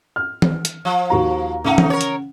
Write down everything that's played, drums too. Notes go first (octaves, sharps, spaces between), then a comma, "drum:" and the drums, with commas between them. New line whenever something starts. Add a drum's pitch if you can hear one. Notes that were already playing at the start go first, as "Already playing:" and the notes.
F6
drum: tom E3
drum: hi-hat
F3
D#2 F#4 A#5
C#3 A3 D#4 F#5
drum: tom E3
A#4 C#5
drum: hi-hat